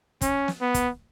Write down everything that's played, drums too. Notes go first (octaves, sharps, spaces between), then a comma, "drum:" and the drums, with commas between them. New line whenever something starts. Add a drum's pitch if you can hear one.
C#4, drum: kick, hi-hat
drum: snare
B3
drum: kick, hi-hat